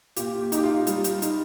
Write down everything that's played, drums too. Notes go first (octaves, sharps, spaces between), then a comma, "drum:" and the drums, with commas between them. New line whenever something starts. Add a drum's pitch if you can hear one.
A#2 G4, drum: hi-hat
G4
D#4, drum: hi-hat
G4
F4
G3, drum: hi-hat
drum: hi-hat
D#4, drum: hi-hat